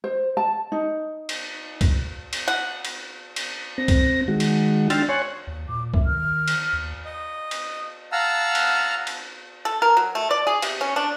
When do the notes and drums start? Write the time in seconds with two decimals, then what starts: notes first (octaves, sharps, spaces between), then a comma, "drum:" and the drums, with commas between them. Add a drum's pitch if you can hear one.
0.04 C5
0.37 A5
0.72 D#4
1.29 drum: cymbal
1.81 drum: kick C2, cymbal
2.33 drum: cymbal
2.48 F#5
2.85 drum: cymbal
3.36 drum: cymbal
3.78 C4 A#6
3.88 drum: kick C2, cymbal
4.28 D#3 G#3 F#4
4.40 drum: cymbal
4.90 D4 G5 C6 E6 F6 A6, drum: cymbal
5.09 C#5 G#5 C6 C#6 F#6
5.47 D#2
5.69 A#2 D6
5.94 E5, drum: kick C2
6.05 D#3 F6
6.48 drum: cymbal
6.73 D#2
7.05 D#5
7.51 drum: cymbal
8.12 F5 F#5 A5 A#5 E6 F6
8.55 drum: cymbal
9.07 drum: cymbal
9.65 A4
9.82 A#4
9.97 F#3
10.15 A3
10.31 D5
10.47 G#4
10.62 C3, drum: cymbal
10.81 C#4
10.96 D4